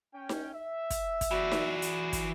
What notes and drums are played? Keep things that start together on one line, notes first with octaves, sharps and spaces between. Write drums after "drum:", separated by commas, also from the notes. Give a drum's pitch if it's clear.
C#4 G5
drum: snare D#4
E5
drum: kick, hi-hat
drum: kick, hi-hat
E3 F#4 D5
drum: snare D#4
drum: hi-hat
drum: kick, hi-hat